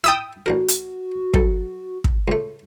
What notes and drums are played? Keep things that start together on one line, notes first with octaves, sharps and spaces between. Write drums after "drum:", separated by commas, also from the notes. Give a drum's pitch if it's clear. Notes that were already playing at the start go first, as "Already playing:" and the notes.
E4 E5 G5 A5 D#6 E6
A1 D4 F#4 A#4
drum: hi-hat
B1 A4, drum: kick
drum: kick
C#2 A3